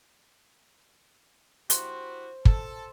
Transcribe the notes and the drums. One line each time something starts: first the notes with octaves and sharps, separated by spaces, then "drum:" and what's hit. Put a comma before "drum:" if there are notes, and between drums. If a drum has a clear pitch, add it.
E4 F#4 G4 C5, drum: hi-hat
A4, drum: kick